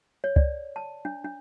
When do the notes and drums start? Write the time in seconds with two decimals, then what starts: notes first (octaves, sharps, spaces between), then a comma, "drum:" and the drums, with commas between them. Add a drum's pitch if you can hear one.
0.24 C#5
0.36 D5, drum: kick
0.76 A5
1.05 D4
1.25 D4